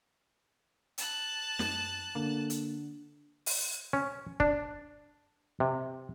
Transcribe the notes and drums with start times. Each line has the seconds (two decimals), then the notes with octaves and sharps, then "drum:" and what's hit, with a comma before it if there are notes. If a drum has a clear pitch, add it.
0.98 A5 F#6, drum: hi-hat
1.59 F#2, drum: snare
2.15 D3 A#3
2.50 drum: hi-hat
3.46 drum: open hi-hat
3.93 C#4
4.40 D4, drum: kick
5.60 C3